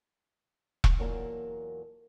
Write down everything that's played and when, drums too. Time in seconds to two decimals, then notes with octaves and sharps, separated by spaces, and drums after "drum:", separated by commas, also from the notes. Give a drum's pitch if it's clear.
0.84 drum: kick E1
0.98 E2 A#2 F#3 A#3 A#4 A5